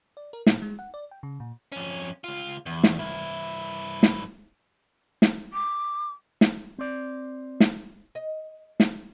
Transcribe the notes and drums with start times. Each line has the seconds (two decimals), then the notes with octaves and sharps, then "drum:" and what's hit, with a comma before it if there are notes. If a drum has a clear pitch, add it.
0.17 D5
0.33 A#4
0.46 A#2, drum: snare
0.62 G#3
0.79 F#5
0.94 D5
1.11 G5
1.23 C#3
1.40 A#2
1.72 F2 C#4
2.24 C#2 F4
2.66 E2
2.84 drum: snare
2.99 G2 E4
4.03 drum: snare
5.22 drum: snare
5.53 D6
6.41 drum: snare
6.79 C4 D5
7.60 drum: snare
8.15 D#5
8.80 drum: snare